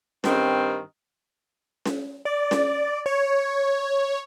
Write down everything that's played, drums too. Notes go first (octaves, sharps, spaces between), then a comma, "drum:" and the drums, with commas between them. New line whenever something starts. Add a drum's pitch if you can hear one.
G2 D#3 C4, drum: snare C#4
drum: snare C#4
D5
drum: snare C#4
C#5